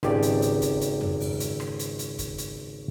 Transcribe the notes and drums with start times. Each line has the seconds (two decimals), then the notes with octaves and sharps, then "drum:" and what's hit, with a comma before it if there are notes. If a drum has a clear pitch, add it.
0.03 G#1 C#2 G4 D5, drum: rim click
0.22 drum: hi-hat
0.42 drum: hi-hat
0.62 drum: kick, hi-hat
0.81 drum: hi-hat
1.01 drum: tom F2
1.20 drum: open hi-hat
1.40 drum: hi-hat
1.60 drum: rim click
1.79 drum: hi-hat
1.99 drum: hi-hat
2.19 drum: kick, hi-hat
2.38 drum: hi-hat